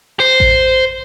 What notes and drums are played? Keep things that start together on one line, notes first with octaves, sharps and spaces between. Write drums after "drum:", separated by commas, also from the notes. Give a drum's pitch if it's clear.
C5
drum: kick A1